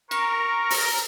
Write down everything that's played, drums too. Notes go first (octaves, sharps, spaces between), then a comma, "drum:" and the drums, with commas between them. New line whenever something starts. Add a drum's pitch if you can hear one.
A#4 C#6, drum: cymbal
drum: open hi-hat